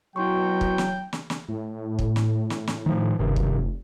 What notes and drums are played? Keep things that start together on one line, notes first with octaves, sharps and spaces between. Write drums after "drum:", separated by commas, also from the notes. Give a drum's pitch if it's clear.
B2 F#3 E4 F#4 G5 C6 C#6
drum: kick
drum: snare
drum: snare
drum: snare
A2
drum: kick
drum: snare
drum: snare
drum: snare
D#3 F3
F#1 G2 C3 D#3
drum: kick
F1